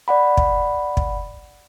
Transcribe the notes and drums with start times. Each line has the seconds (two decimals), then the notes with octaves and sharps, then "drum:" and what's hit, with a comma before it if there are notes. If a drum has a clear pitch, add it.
0.08 D5 F#5 B5
0.37 drum: kick
0.97 drum: kick